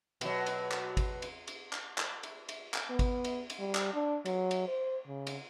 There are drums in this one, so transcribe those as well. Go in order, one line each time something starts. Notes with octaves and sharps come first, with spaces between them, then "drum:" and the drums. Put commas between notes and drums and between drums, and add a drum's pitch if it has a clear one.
B2 F#3, drum: cymbal
drum: cymbal
drum: clap
drum: kick G#1, cymbal
drum: cymbal
drum: cymbal
drum: clap
drum: clap
drum: cymbal
drum: cymbal
drum: clap
B3
drum: kick G#1, cymbal
drum: cymbal
drum: cymbal
G3
drum: clap
D4
F#3, drum: cymbal
drum: cymbal
C5
C#3
drum: cymbal